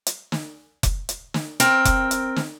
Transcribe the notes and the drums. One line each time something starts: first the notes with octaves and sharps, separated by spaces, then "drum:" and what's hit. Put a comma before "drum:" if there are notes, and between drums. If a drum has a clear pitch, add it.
drum: hi-hat
drum: snare
drum: kick F1, hi-hat
drum: hi-hat
drum: snare
C4 A#4 G5, drum: hi-hat
drum: kick F1, hi-hat
drum: hi-hat
drum: snare